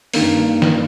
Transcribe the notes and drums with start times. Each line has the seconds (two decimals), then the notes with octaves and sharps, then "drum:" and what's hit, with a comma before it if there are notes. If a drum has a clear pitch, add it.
0.14 G2 D#3 A#3, drum: open hi-hat
0.62 drum: snare